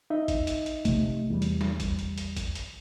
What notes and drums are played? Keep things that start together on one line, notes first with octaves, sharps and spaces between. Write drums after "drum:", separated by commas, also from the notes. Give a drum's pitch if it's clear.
D#4 D#5 E5
drum: kick, hi-hat
drum: hi-hat
drum: hi-hat
C3 A3, drum: kick, hi-hat
E2 G3
drum: hi-hat
drum: snare
drum: kick, hi-hat
drum: hi-hat
drum: hi-hat
drum: kick, hi-hat
drum: hi-hat